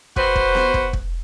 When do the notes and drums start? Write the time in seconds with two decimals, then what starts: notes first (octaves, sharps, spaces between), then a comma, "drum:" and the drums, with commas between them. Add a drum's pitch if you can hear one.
0.16 F#4 B4 C5, drum: kick
0.35 drum: kick
0.55 drum: snare B3
0.74 drum: kick
0.93 drum: kick